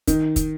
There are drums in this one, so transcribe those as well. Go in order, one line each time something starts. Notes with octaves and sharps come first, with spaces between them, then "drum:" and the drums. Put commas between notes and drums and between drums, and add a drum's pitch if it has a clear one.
D#3, drum: kick, hi-hat
drum: kick, hi-hat